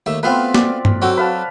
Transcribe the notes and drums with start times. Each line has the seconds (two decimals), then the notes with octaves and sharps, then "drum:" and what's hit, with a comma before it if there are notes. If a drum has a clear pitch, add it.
0.06 D#2 A3 E5
0.23 A3 B3 C4 F4 B4 F5
0.54 D5, drum: snare A#3
0.85 drum: tom G2
1.02 F#3 C4 F#4 A4
1.17 B4 F5 A5